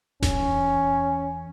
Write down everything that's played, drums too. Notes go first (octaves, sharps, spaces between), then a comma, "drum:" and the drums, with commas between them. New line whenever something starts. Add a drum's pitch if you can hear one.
E2 C#4, drum: snare D1